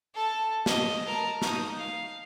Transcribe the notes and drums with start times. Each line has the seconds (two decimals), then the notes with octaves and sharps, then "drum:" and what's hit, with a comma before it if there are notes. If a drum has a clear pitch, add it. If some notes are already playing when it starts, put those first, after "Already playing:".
0.15 A4 A5
0.66 D#5, drum: snare
1.06 A#4 A5
1.42 D#4 D#6, drum: snare
1.78 F5